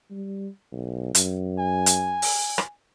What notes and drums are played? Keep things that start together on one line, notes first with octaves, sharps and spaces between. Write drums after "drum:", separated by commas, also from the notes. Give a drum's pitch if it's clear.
G3
B1
F#2, drum: hi-hat
G#5
drum: hi-hat
drum: open hi-hat
drum: rim click